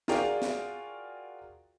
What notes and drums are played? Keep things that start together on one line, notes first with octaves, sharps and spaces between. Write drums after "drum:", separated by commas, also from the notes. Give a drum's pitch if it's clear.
F4 F#4 G#4 A#4 D5 G5, drum: snare
drum: snare